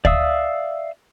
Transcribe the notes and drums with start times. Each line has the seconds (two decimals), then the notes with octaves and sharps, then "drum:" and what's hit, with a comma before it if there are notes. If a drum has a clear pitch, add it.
0.05 D5 E5 F5 D#6 E6, drum: kick D2